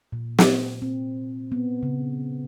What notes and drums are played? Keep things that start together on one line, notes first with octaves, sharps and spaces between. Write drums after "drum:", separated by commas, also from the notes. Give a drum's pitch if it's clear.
A#2
drum: snare
C4
B3
C#3